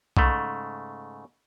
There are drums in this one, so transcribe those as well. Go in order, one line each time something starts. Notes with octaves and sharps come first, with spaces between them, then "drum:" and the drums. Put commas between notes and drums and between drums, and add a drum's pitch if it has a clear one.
G#2 C#3 A3, drum: kick